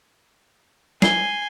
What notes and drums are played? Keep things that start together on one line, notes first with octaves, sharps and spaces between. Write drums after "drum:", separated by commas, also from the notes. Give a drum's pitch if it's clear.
G#5 C7 G7, drum: snare